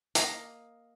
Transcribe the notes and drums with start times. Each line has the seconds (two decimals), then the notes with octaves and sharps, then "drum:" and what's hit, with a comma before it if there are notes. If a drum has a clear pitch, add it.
0.15 A#3 D#5, drum: hi-hat